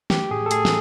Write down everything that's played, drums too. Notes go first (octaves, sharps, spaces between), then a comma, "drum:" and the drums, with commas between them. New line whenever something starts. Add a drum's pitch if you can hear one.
A3 G4, drum: snare
A2 G#4
A4
A3 G#4, drum: hi-hat
drum: snare